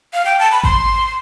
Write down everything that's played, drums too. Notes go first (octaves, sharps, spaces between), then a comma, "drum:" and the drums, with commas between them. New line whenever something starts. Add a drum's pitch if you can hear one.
F5
G5
A5
B5
C6, drum: kick G#1